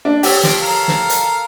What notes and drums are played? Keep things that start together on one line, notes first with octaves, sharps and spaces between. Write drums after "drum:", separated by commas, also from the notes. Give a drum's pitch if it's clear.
D4
G4 C#5 E6, drum: open hi-hat
F3 D5 F5, drum: snare
A4 A#4 F5
drum: snare
drum: hi-hat